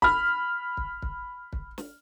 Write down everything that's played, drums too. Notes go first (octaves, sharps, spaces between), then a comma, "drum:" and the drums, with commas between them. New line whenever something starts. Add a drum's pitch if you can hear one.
B5 F6, drum: kick
drum: kick
drum: kick
drum: kick
drum: snare